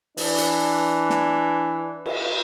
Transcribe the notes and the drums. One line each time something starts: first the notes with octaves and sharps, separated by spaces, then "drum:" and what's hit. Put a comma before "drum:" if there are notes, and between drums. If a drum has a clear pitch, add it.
E3 D4, drum: open hi-hat
drum: hi-hat
drum: snare
drum: cymbal